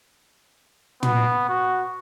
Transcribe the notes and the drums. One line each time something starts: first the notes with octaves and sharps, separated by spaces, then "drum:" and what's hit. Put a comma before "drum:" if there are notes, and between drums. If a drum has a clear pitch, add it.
B3, drum: tom
F#4